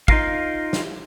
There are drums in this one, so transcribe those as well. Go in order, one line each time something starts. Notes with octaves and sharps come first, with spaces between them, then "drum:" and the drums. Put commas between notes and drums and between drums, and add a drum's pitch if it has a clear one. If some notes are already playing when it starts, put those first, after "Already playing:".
D#4 F4 A#4 F5, drum: kick
drum: snare